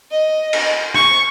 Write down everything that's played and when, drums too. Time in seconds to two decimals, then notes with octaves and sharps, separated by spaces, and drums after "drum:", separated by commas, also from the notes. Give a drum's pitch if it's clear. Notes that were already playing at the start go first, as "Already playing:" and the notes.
0.11 D#5
0.53 drum: cymbal
0.94 C#6, drum: rim click